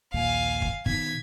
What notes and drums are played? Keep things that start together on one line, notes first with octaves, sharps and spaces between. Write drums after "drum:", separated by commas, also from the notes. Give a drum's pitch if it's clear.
A#1 D#2 A#2 F5 G#5
drum: kick
B2 D#3 G#6 B6, drum: kick